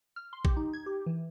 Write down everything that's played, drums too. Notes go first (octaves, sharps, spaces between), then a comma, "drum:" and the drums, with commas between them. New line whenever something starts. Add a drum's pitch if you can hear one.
F6
C6
G4, drum: kick
D#4
G#6
G4
E3